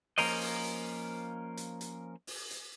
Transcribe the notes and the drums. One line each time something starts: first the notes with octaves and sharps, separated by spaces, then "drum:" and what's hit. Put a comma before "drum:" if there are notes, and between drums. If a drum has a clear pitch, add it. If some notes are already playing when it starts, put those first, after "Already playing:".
F3 A#3 C#4 A#4 C5 D#5, drum: open hi-hat
drum: open hi-hat
drum: hi-hat
drum: hi-hat
drum: hi-hat
drum: open hi-hat
drum: hi-hat